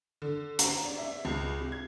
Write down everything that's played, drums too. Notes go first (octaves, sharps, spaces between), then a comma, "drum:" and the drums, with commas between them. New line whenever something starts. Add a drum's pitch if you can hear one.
D3
A#5, drum: hi-hat
D5
E5
C#2
C3
G#6